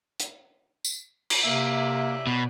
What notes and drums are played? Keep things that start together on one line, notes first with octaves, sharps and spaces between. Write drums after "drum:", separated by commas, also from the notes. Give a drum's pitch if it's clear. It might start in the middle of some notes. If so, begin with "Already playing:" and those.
drum: hi-hat
drum: tambourine
drum: cymbal
C3 A#3 E5
B2 B5